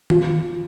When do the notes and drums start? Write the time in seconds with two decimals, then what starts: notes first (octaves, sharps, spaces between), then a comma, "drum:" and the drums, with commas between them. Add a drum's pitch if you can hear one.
0.10 F4, drum: tom D#3